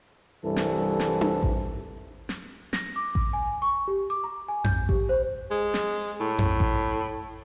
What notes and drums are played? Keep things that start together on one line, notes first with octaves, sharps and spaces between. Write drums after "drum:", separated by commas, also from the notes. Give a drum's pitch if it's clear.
C2 G2 E3 A4
drum: snare
drum: snare
drum: tom D4
drum: kick A1
drum: snare
A#6, drum: snare
D6
drum: kick A1
G#5
C#6
G4
D6
A#5
G#5
G6, drum: tom F2
G4, drum: kick A1
C5
G#3
drum: snare
A2
drum: tom F2
drum: kick A1